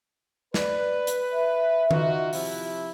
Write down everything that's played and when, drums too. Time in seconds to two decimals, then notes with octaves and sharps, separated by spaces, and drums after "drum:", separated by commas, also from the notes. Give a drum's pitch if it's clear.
0.54 B4 D5, drum: snare
1.07 drum: hi-hat
1.32 E5
1.91 D#4 F4 F#4, drum: tom D#3
2.33 C3 F3 E4, drum: open hi-hat